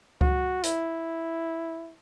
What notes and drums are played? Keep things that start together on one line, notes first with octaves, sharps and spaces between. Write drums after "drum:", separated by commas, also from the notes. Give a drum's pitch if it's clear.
F#4, drum: kick C#2
E4, drum: hi-hat